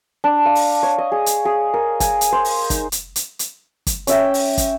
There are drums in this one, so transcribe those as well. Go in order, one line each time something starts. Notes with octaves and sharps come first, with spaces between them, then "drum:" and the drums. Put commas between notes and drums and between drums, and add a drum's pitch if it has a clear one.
D4
F5
drum: open hi-hat
C#5
D#5
G#4
drum: hi-hat
G#4
A#4
G#5, drum: kick, hi-hat
drum: hi-hat
C5
drum: open hi-hat
D#4, drum: kick, hi-hat
drum: hi-hat
drum: hi-hat
drum: hi-hat
drum: kick, hi-hat
C#4 E5 G5, drum: hi-hat
drum: open hi-hat
drum: kick, hi-hat